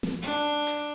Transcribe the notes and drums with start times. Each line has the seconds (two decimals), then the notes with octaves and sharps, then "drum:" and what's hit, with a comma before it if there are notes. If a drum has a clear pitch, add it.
0.03 drum: snare
0.22 D4
0.67 drum: hi-hat